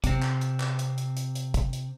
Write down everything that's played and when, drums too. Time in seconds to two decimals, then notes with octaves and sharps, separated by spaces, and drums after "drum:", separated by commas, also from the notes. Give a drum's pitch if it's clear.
0.04 C3 C4, drum: kick, hi-hat
0.22 drum: clap
0.41 drum: hi-hat
0.60 drum: clap
0.79 drum: hi-hat
0.98 drum: hi-hat
1.17 drum: hi-hat
1.35 drum: hi-hat
1.54 drum: kick, hi-hat
1.73 drum: hi-hat